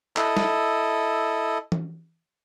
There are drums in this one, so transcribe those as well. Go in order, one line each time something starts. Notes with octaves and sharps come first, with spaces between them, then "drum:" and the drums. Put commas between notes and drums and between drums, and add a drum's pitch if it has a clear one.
E4 A4 D#5, drum: clap
drum: snare
drum: tom E3